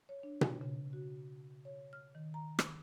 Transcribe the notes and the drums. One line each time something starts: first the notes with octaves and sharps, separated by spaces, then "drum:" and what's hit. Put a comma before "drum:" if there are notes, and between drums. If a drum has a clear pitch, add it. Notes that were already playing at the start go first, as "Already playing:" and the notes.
C#5
D4
B2, drum: tom B2
C#3
F#4
C#5
F6
D#3
A#5
drum: rim click